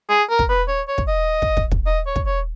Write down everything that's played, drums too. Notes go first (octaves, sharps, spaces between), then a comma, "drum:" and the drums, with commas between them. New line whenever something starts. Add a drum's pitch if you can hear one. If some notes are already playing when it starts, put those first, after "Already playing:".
G#4
A#4
drum: kick
B4
C#5
C#5
drum: kick
D#5
drum: kick
drum: kick
drum: kick
D#5
C#5
drum: kick
C#5